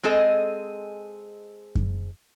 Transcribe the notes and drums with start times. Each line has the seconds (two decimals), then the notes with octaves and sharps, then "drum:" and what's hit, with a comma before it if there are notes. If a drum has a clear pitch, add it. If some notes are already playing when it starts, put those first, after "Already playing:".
0.03 G#3 C4 G#4 A4 D#5
1.75 drum: kick F#2